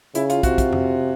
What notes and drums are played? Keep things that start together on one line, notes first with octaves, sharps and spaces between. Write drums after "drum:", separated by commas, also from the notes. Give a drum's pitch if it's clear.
C#3 E4, drum: hi-hat
F4, drum: hi-hat
C3 F#4, drum: kick, hi-hat
drum: kick, hi-hat
drum: tom F2